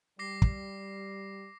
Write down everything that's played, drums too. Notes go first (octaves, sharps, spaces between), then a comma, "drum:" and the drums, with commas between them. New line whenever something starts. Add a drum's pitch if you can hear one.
G3 D6 A#6 C7
drum: kick